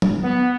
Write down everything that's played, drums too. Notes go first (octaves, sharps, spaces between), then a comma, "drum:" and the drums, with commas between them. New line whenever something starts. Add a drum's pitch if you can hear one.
drum: tom F#3
B3